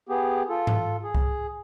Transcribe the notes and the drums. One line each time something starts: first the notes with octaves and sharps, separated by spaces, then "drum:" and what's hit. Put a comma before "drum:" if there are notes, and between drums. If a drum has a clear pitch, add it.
B3 G4 G#4
F4 A4
drum: tom G#2
G#4
drum: kick C2